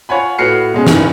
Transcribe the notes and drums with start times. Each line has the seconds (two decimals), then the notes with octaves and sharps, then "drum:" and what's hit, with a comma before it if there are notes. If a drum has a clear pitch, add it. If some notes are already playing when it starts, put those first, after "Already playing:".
0.09 F4 C#5 F#5 G#5 B5
0.38 A2 F#4 B4 F6 C7 C#7
0.74 B2 G#3 C#4
0.87 C#2 G2 D#3 E3, drum: snare